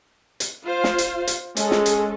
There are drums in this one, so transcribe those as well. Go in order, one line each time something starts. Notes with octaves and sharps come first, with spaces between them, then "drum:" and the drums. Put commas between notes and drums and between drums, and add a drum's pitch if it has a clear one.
drum: hi-hat
F4 C5 F5
drum: snare
drum: hi-hat
drum: hi-hat
G#3 C#4 A4, drum: hi-hat
drum: snare
drum: hi-hat